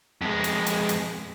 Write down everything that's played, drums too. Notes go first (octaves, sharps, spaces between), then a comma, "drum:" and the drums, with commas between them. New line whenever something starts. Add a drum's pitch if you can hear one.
F2 G#3
drum: hi-hat
drum: hi-hat
drum: hi-hat